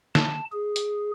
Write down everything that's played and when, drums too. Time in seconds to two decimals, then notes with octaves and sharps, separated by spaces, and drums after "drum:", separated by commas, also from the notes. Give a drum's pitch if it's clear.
0.15 A5, drum: snare
0.52 G#4
0.76 drum: hi-hat